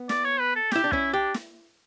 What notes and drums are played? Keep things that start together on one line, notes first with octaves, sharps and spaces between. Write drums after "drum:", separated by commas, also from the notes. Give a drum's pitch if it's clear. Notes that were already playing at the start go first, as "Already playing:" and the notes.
Already playing: B3
D5, drum: snare
C#5
B4
A4
E4 G4, drum: snare
D4
C#4 E4, drum: kick
D4 G4
drum: snare